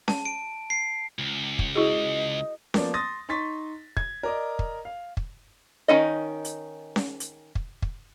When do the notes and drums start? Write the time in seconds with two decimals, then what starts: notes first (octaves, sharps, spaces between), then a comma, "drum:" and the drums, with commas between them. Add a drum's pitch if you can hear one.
0.08 A5, drum: snare C#4
0.25 D7
0.70 C7
1.19 C#2
1.59 drum: kick
1.75 E4 F#4 G#4 D#5
2.74 F3 A#3 B3 D5, drum: snare C#4
2.94 C6 D#6 A6 A#6
3.29 D#4 C6 C#6 A6 B6
3.97 G#6, drum: kick
4.23 A#4 D5 D#5
4.59 drum: kick
4.85 F5
5.17 drum: kick
5.88 D#3 C#4 D#4 D#5
6.45 drum: hi-hat
6.96 drum: snare C#4
7.20 drum: hi-hat
7.55 drum: kick
7.82 drum: kick